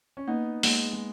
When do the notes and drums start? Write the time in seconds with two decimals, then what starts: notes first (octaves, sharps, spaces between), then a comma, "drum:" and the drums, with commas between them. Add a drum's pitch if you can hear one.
0.17 C#4
0.28 A#3 B3 D#4
0.63 G#3 A#3, drum: open hi-hat
0.93 G#3